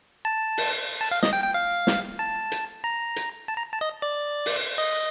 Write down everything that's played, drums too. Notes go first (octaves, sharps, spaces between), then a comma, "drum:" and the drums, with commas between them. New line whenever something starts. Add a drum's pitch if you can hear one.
A5
drum: open hi-hat
A5
F5
D#5, drum: snare
G5
G5
F5
drum: snare
A5
drum: hi-hat
A#5
drum: hi-hat
A5
A#5
A5
D#5
D5
drum: open hi-hat
D#5